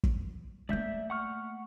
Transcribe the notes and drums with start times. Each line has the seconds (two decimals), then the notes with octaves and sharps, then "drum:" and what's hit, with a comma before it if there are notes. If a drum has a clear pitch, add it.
0.03 drum: kick
0.69 A3 A#3 D5 E5 G6
1.10 F#5 C#6 F6